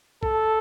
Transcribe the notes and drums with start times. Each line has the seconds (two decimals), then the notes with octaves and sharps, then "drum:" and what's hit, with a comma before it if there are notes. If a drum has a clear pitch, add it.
0.23 A4, drum: kick